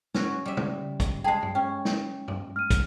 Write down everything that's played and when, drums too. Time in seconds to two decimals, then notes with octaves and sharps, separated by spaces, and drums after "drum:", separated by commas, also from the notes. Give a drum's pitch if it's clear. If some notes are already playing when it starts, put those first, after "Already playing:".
0.14 C#4 F#4, drum: snare
0.46 G3 E5
0.57 drum: tom
1.00 drum: kick, hi-hat
1.24 G#3 G#4 G5 A5 C7
1.42 drum: tom G2
1.55 C#4 G5
1.85 drum: snare
2.28 drum: tom G2
2.56 F6 D#7
2.71 drum: kick, hi-hat